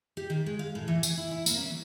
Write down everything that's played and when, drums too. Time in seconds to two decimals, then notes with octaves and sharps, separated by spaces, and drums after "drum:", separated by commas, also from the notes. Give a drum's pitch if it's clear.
0.17 G4
0.30 D#3
0.46 G#3
0.59 F5
0.75 A2
0.88 E3
1.03 G#5, drum: tambourine
1.17 E4
1.31 E4
1.46 A#3, drum: tambourine
1.58 C#4
1.70 E3